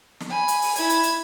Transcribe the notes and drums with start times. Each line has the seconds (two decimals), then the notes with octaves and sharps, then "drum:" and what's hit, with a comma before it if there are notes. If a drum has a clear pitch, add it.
0.20 drum: snare
0.30 G#5 B5
0.48 drum: hi-hat
0.62 drum: open hi-hat
0.76 E4 G#6, drum: hi-hat
0.89 drum: hi-hat
1.03 drum: hi-hat